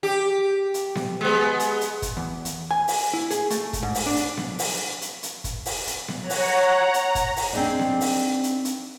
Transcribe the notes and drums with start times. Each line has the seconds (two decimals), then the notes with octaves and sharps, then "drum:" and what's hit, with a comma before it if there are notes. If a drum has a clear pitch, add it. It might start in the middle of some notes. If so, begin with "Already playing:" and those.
0.03 G4
0.74 drum: hi-hat
0.95 drum: snare B3
1.21 G#3 B3
1.60 drum: hi-hat
1.81 drum: hi-hat
2.02 drum: kick, hi-hat
2.17 E2
2.45 drum: hi-hat
2.71 G#5
2.88 drum: open hi-hat
3.14 E4
3.30 G#4, drum: hi-hat
3.50 A3, drum: hi-hat
3.73 drum: kick, hi-hat
3.83 G#2
3.95 drum: open hi-hat
4.06 D4
4.16 drum: hi-hat
4.37 drum: snare B3
4.59 drum: open hi-hat
5.01 drum: hi-hat
5.23 drum: hi-hat
5.44 drum: kick, hi-hat
5.66 drum: open hi-hat
5.87 drum: hi-hat
6.08 drum: snare B3
6.20 C#5 F#5 A#5
6.30 drum: open hi-hat
6.80 A#5
6.94 drum: hi-hat
7.15 drum: kick, hi-hat
7.37 drum: open hi-hat
7.53 C4 D4 D#4 G#4 D5
7.79 drum: snare B3
8.01 drum: open hi-hat
8.43 drum: hi-hat
8.65 drum: hi-hat